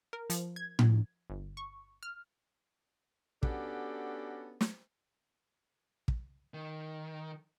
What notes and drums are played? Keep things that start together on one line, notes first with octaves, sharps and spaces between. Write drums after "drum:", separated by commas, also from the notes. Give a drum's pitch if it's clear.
A#4
F3, drum: hi-hat
G#6
drum: tom A2
G1
C#6
F6
B3 C#4 D4 F#4 G4 A4, drum: kick
drum: snare
drum: kick
D#3